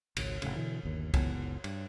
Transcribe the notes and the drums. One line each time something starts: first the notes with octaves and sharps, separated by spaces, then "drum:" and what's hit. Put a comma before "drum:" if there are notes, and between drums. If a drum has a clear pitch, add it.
G#1 C#2, drum: cymbal
F1 A#1 A2 C#3, drum: cymbal
B2 D3 E3
G1 D#2
F#1 C#2 B3, drum: kick, cymbal
G2, drum: cymbal